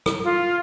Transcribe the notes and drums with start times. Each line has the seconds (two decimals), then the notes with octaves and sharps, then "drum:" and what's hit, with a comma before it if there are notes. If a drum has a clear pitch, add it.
0.06 drum: rim click
0.24 F4